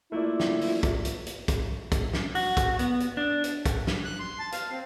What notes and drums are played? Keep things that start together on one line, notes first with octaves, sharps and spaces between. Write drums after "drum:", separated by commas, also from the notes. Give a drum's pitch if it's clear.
A3 A#3 D4 E4 F4
drum: snare
drum: open hi-hat
drum: kick, hi-hat
drum: hi-hat
drum: hi-hat
drum: kick, hi-hat
drum: kick, hi-hat
drum: snare
F#4, drum: open hi-hat
drum: kick, hi-hat
B3, drum: hi-hat
drum: hi-hat
D4
drum: hi-hat
drum: kick, hi-hat
drum: snare
F#6
C6
A5
F5, drum: hi-hat
C4